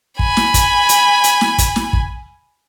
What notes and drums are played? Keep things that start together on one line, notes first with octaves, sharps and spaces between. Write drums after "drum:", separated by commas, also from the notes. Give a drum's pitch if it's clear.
G#5 B5, drum: kick
drum: snare
drum: kick, hi-hat
drum: hi-hat
drum: hi-hat
drum: snare
drum: kick, hi-hat
drum: snare
drum: kick